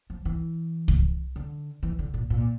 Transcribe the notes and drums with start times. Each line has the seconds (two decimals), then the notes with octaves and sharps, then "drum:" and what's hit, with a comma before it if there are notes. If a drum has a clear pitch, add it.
0.10 F3
0.25 E3
0.88 drum: kick C2
1.36 D3
1.83 E3
1.99 D3
2.14 A#2
2.30 A#2